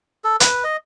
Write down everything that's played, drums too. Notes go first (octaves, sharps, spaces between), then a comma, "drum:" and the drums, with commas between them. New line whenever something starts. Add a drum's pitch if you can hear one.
A4
B4, drum: hi-hat
D#5